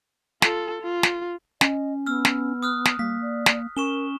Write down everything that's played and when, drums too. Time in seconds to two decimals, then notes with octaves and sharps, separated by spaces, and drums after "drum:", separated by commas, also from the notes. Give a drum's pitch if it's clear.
0.42 F4 A4, drum: snare
0.82 F4
1.03 drum: snare
1.61 C#4 D#5, drum: snare
2.06 B3 E6 F6
2.25 drum: snare
2.63 D#6 F6 F#6
2.85 drum: snare
2.99 G3 A#3 B6
3.21 D5
3.46 drum: snare
3.77 C#4 A#4 C#6 E7 G7